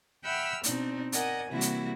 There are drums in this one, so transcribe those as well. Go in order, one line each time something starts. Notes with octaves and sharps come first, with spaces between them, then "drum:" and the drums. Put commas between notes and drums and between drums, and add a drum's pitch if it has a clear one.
E5 F#5 G5 B5 E6 F6
B2 C4 D4 D#4, drum: hi-hat
A#4 D5 D#5 F#5 G#5, drum: hi-hat
C3 E3 G3 A#3 E4 F#4
drum: hi-hat